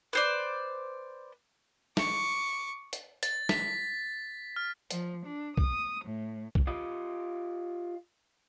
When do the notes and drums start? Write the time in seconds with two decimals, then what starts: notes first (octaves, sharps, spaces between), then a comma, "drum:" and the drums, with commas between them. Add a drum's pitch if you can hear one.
0.13 B4 C5 D5
1.97 C#6 D6, drum: snare
2.93 drum: hi-hat
3.23 A6, drum: hi-hat
3.49 B6, drum: snare
4.56 F6
4.91 F3, drum: hi-hat
5.25 D4
5.57 D#6, drum: kick
6.05 A2
6.55 drum: kick
6.67 F4 G4 D#5